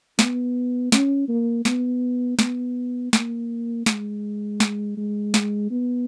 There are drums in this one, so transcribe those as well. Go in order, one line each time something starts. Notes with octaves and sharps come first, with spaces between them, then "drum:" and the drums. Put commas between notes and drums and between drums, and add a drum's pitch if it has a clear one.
B3, drum: snare
C#4, drum: snare
A#3
B3, drum: snare
B3, drum: snare
A#3, drum: snare
G#3, drum: snare
drum: snare
G#3
drum: snare
B3